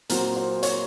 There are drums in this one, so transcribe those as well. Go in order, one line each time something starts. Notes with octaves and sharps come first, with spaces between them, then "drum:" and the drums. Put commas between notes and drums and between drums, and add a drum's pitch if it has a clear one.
A#2 F#3 C4 A#4, drum: hi-hat
C5
C#5, drum: hi-hat